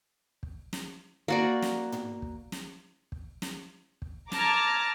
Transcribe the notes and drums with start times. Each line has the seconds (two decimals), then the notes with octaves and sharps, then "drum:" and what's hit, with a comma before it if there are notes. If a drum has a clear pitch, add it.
0.43 drum: kick
0.73 drum: snare
1.28 A#3 F#4 D5
1.62 drum: snare
1.92 drum: tom
2.22 drum: kick
2.52 drum: snare
3.12 drum: kick
3.42 drum: snare
4.02 drum: kick
4.32 A5 A#5 D6 F6 G#6, drum: snare